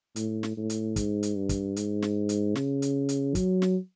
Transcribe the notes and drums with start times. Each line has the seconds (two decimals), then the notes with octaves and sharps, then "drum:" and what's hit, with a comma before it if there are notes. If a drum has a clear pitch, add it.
0.16 A2, drum: hi-hat
0.43 drum: snare
0.57 A2
0.70 drum: hi-hat
0.96 G#2, drum: kick, hi-hat
1.23 drum: hi-hat
1.36 G2
1.49 drum: kick, hi-hat
1.76 G#2, drum: hi-hat
2.02 drum: snare
2.29 drum: hi-hat
2.55 C#3, drum: snare
2.82 drum: hi-hat
3.09 drum: hi-hat
3.35 F#3, drum: kick, hi-hat
3.62 drum: snare